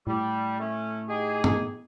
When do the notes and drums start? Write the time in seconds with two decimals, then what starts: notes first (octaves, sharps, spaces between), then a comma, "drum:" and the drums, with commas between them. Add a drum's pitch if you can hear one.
0.07 A2 G3
0.59 A3 C#4
1.09 D#4 G4 G#4
1.44 drum: tom